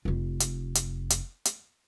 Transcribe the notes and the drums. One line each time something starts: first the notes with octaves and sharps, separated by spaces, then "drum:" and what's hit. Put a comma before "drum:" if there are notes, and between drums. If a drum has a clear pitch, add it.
F1 F4
drum: hi-hat
drum: hi-hat
drum: hi-hat
drum: hi-hat